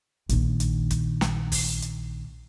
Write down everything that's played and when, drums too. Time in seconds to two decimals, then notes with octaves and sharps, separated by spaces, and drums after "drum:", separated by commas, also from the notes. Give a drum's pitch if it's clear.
0.29 A#1 D#3, drum: hi-hat
0.60 drum: hi-hat
0.91 drum: kick, hi-hat
1.21 drum: snare
1.52 drum: kick, open hi-hat
1.82 drum: hi-hat